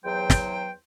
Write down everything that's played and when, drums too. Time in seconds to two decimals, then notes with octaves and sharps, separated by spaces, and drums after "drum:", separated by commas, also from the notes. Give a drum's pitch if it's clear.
0.05 E2 F#3 C5 G5
0.30 drum: snare